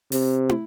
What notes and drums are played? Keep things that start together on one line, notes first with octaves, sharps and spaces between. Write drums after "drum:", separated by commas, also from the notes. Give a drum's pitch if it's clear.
C3, drum: open hi-hat
drum: tom